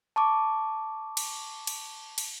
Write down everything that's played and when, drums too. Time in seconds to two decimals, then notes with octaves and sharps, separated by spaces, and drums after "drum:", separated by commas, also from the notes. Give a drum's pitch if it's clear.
0.16 A5 C#6 D6
1.17 drum: cymbal
1.67 drum: cymbal
2.18 drum: cymbal